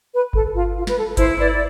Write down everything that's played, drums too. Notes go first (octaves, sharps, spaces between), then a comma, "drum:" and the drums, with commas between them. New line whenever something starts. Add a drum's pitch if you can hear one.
B4
A4, drum: kick G1
F4
F4
B4, drum: snare
A4
E4 C5, drum: kick G1, hi-hat
B4 D5
D5